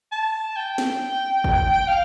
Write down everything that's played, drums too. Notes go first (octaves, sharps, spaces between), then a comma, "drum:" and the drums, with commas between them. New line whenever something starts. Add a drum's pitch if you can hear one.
A5
G5
drum: snare
drum: kick
F5